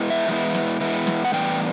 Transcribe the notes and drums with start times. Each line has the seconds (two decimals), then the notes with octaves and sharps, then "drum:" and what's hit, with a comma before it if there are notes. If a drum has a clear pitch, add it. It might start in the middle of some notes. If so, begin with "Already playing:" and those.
Already playing: G#3 B3 E4
0.10 E5
0.28 E3 G#3 B3 E4, drum: hi-hat
0.41 drum: hi-hat
0.54 drum: snare
0.68 drum: hi-hat
0.80 E3 G#3 B3 E4
0.94 drum: hi-hat
1.07 drum: snare
1.25 F#5
1.33 A2 E3 G3 B3 D4 G5, drum: hi-hat
1.46 drum: hi-hat